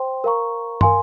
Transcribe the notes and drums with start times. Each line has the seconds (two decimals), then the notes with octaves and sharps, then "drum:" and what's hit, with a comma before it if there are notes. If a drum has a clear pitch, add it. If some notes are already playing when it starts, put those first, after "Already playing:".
Already playing: C5 G5 C6
0.24 A#4 F5 A#5 C#6
0.81 A#4 F5 G#5 C6, drum: tom